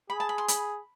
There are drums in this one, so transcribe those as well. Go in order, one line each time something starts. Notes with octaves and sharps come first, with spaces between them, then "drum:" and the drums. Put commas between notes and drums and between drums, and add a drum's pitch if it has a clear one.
G#4 B5
A5
B5
C6
B5, drum: hi-hat